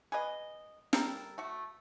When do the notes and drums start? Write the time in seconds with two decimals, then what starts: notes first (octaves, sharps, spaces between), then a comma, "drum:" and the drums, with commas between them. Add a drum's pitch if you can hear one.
0.12 G#4 B4 D#5
0.93 G3 A4 A#4, drum: snare
1.38 A3 F#4